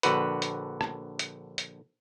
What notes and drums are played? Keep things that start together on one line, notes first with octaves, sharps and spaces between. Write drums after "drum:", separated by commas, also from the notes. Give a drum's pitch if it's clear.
A#1 D3 F#4 B4, drum: hi-hat
drum: hi-hat
drum: rim click
drum: hi-hat
drum: hi-hat